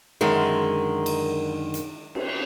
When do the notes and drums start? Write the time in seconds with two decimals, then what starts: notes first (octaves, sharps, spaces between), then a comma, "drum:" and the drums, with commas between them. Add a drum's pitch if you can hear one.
0.21 F#2 D3 D#3 G#3
1.06 drum: cymbal
1.74 drum: hi-hat
2.15 drum: cymbal